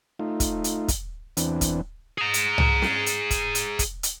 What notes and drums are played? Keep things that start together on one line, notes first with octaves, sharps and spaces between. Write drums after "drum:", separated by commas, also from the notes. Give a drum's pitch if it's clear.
A3 D#4 F4
drum: kick, hi-hat
drum: hi-hat
drum: kick, hi-hat
E2 E3 C4 D4, drum: hi-hat
drum: kick, hi-hat
G#4 A#5
drum: hi-hat
drum: tom C2
drum: snare
drum: hi-hat
drum: kick, hi-hat
drum: hi-hat
drum: kick, hi-hat
drum: hi-hat